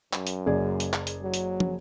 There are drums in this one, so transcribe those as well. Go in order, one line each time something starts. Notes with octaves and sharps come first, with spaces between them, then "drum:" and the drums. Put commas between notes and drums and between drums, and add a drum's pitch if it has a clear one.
F#2, drum: clap
drum: hi-hat
F#1 G#4 D5
drum: hi-hat
drum: clap
drum: hi-hat
F#3
drum: hi-hat
drum: tom